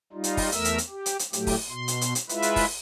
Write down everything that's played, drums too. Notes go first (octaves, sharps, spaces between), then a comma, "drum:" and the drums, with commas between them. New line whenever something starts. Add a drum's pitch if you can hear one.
G3 D#4 F4
drum: hi-hat
drum: kick, open hi-hat
E2 A3 A#4 E5 E6, drum: hi-hat
drum: hi-hat
drum: hi-hat
G4
drum: hi-hat
drum: hi-hat
A2 F#3 A3 G4, drum: hi-hat
drum: kick, open hi-hat
B2 C6
drum: hi-hat
drum: hi-hat
drum: hi-hat
G#3 E4 F4 B4 E5, drum: hi-hat
drum: hi-hat
drum: kick, open hi-hat